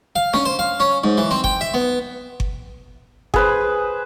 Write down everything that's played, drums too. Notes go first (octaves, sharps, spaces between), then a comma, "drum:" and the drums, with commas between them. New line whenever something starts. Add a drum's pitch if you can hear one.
F5
C#4, drum: snare D4
C5
F5
C#4
G#2
E3
C4
G5, drum: kick G1
E5
B3
drum: kick G1
G#4 B4 C5, drum: kick G1